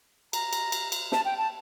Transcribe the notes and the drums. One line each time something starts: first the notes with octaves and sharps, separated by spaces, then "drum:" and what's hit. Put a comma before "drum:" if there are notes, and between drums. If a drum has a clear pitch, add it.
A#5, drum: cymbal
drum: cymbal
drum: cymbal
drum: cymbal
A5, drum: snare
G5
A5